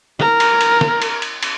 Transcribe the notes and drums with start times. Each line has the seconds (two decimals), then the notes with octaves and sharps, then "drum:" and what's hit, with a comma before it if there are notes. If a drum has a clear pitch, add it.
0.20 A#4, drum: snare
0.40 drum: cymbal
0.61 drum: cymbal
0.81 drum: snare
1.02 drum: cymbal
1.22 drum: cymbal
1.43 drum: cymbal